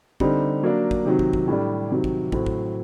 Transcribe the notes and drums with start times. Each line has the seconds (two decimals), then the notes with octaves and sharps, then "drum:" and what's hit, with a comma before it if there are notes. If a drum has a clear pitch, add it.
0.20 D3 G3 C4 D#4, drum: kick
0.63 F#3 A#3 D4
0.91 drum: kick
1.05 C3 D#3 F#3
1.19 drum: kick
1.33 drum: kick
1.47 A2 G3 D4
1.90 C3 D#3 F#3
2.04 drum: kick
2.32 A2 F#3 C4, drum: kick
2.46 drum: kick